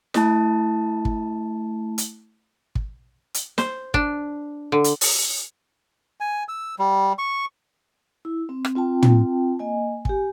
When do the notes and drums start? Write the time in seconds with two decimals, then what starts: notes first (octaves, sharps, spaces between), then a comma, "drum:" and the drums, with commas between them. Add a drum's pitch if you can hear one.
0.14 A3 E4 A5, drum: snare
1.05 drum: kick
1.98 drum: hi-hat
2.75 drum: kick
3.34 drum: hi-hat
3.58 C5, drum: snare
3.94 D4, drum: kick
4.72 D3
4.84 drum: hi-hat
5.01 drum: open hi-hat
6.20 G#5
6.49 E6
6.79 G3
7.19 C#6
8.25 E4
8.49 C4
8.65 drum: rim click
8.75 C4 F4 G5 A5
9.03 drum: tom
9.59 A#3 D#5 G#5
10.05 G4 G#5, drum: kick